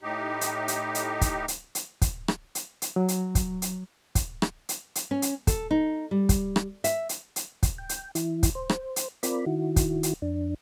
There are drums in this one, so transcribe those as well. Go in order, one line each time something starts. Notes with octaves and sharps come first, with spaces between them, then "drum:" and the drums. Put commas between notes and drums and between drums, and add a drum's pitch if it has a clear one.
A2 D#4 G4
drum: hi-hat
drum: hi-hat
drum: hi-hat
drum: kick, hi-hat
drum: hi-hat
drum: hi-hat
drum: kick, hi-hat
drum: rim click
drum: hi-hat
drum: hi-hat
F#3
drum: hi-hat
drum: kick, hi-hat
drum: hi-hat
drum: kick, hi-hat
drum: rim click
drum: hi-hat
drum: hi-hat
C#4
drum: hi-hat
A4, drum: kick, hi-hat
D#4
G3
drum: kick, hi-hat
drum: rim click
E5, drum: hi-hat
drum: hi-hat
drum: hi-hat
drum: kick, hi-hat
G5
drum: hi-hat
E3 E4, drum: hi-hat
drum: kick, hi-hat
C5
drum: rim click
drum: hi-hat
C4 F4 A#4 D5 B5, drum: hi-hat
D#3 E4 F#4
drum: kick, hi-hat
drum: hi-hat
F2 D4